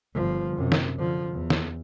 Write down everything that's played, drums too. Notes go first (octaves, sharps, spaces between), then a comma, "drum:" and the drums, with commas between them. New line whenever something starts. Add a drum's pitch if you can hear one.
G1 F3
F#2 C3
drum: snare
D3 F3
E2
drum: snare